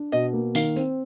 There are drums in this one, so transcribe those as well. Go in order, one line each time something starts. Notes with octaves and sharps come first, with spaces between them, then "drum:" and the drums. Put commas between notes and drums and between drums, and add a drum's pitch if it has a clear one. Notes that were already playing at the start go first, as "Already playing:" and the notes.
Already playing: D4
B2 D#5
A#3
D#3 F5, drum: open hi-hat
C4, drum: tambourine